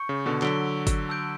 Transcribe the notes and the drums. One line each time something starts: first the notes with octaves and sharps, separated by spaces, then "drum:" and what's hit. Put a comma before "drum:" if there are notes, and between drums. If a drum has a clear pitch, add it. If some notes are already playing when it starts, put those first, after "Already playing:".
Already playing: C#6 G6 C#7
C#3
B2 D3
D3 F#3 E6 B6 D7 G7, drum: clap
drum: kick G1, hi-hat
A5 E6 G6 D7